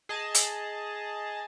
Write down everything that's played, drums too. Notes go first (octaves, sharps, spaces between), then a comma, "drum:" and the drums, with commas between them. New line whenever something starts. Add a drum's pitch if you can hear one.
G#4 D#5 A5
drum: hi-hat